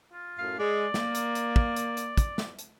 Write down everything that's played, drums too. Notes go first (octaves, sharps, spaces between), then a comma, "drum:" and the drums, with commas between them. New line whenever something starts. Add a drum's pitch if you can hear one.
F4
F#2 A2 F5
G#3 D5
A#3, drum: snare
drum: hi-hat
drum: hi-hat
drum: kick
drum: hi-hat
drum: hi-hat
drum: kick, hi-hat
drum: snare
drum: hi-hat